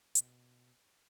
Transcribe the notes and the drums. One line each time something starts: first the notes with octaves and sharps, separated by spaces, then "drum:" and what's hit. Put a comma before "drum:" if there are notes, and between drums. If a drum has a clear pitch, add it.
B2, drum: hi-hat